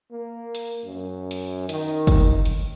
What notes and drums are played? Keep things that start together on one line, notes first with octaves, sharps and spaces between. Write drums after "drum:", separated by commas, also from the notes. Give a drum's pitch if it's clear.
A#3
drum: hi-hat
F#2
drum: hi-hat
D#3, drum: hi-hat
drum: kick, hi-hat
drum: hi-hat